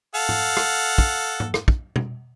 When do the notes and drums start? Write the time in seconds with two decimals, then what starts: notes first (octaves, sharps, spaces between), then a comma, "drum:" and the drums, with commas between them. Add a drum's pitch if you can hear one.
0.15 A4 F5 F#5
0.29 drum: tom G#2
0.57 drum: rim click
0.98 drum: kick
1.40 drum: tom G#2
1.54 drum: rim click
1.68 drum: kick
1.96 drum: tom B2